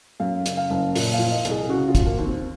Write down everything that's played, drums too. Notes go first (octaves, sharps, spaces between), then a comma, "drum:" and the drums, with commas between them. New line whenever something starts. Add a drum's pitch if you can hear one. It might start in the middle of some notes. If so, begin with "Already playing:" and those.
F#2 F5
C#3, drum: hi-hat
F5
F#1
A#2, drum: open hi-hat
F5
F3
D#5
C2, drum: hi-hat
G#4
C#3 F#4
F4
F3, drum: kick, hi-hat
A#3
D#2
C4